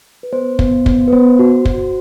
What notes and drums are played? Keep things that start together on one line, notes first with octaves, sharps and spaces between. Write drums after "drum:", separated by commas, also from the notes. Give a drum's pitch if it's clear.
B4
B3 C5
B3, drum: kick
B3, drum: kick
B4
B3 C5
F#4
F#4, drum: kick